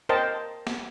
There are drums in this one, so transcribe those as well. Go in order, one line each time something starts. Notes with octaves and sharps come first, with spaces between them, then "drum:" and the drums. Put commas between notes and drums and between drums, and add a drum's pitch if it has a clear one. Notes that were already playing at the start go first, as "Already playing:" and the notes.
A#4 C5 D#5 G5 A5
drum: snare